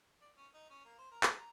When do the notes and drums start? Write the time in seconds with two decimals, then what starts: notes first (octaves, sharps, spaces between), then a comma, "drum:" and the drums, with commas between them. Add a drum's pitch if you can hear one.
0.21 D5
0.36 C#4
0.54 D#4
0.70 C#4
0.85 A#3
0.98 C5
1.11 A#4
1.23 B4, drum: clap
1.38 A#5